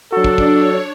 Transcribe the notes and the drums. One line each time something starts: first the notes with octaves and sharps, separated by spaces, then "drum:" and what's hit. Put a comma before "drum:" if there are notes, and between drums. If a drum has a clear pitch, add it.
F#3 D4 F#4 A4
drum: kick
drum: kick
C#5